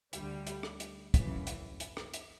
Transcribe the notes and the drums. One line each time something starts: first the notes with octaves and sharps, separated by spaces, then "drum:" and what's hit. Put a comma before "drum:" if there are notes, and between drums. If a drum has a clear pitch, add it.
D2 D3 G3, drum: hi-hat
drum: hi-hat
drum: rim click
drum: hi-hat
F#2 C#3 E3, drum: kick, hi-hat
drum: hi-hat
drum: hi-hat
drum: rim click
drum: hi-hat